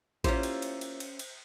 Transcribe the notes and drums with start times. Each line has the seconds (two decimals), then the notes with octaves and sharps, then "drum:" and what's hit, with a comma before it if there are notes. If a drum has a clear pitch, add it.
0.24 A#3 C#4 E4 F4 G4 C5, drum: kick A1, cymbal
0.43 drum: cymbal
0.62 drum: cymbal
0.81 drum: cymbal
1.00 drum: cymbal
1.19 drum: cymbal